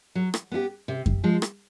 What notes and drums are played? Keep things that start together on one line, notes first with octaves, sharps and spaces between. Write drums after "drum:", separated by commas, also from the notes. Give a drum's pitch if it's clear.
F#3
drum: rim click
B3 E4 G4
C3
drum: kick F#2
F3 G#3
drum: rim click